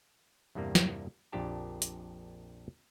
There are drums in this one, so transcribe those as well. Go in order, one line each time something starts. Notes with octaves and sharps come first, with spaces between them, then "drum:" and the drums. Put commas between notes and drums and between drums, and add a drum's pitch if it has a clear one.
E2 G2 C3 G3 A#3
drum: snare
A#1 F2 A#2 D4 G4 A5
drum: hi-hat